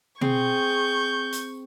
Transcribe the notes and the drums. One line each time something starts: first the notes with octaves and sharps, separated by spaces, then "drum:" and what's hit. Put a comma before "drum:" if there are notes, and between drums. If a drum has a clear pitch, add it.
C4 G#4 C#6 G6, drum: tom
drum: hi-hat